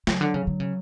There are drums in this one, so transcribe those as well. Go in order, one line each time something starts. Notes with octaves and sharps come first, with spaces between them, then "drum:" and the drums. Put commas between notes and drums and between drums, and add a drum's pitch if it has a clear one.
C#3 F#3, drum: snare
D3
C#3
D3
C#3